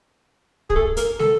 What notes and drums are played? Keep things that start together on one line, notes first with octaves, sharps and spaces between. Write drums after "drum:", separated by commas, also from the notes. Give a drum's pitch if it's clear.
G#4, drum: kick
A4
A#4, drum: hi-hat
A4, drum: snare